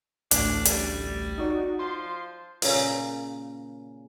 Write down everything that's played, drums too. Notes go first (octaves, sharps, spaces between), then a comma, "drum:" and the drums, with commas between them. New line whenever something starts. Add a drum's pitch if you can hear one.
A1 D2 D4, drum: hi-hat
G3, drum: hi-hat
D#4 F#4 D5
F3 C6
A#2 C#3 A#4, drum: open hi-hat